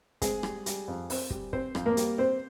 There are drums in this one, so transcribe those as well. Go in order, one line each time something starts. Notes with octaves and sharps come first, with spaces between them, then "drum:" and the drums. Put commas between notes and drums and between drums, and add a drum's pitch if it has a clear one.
G#3 C4 G#4, drum: kick, hi-hat
G3, drum: rim click
G3, drum: hi-hat
F2
C4, drum: open hi-hat
G3, drum: kick
C4 C5, drum: kick
F2, drum: rim click
A#3 A#4
G3, drum: hi-hat
C4 C5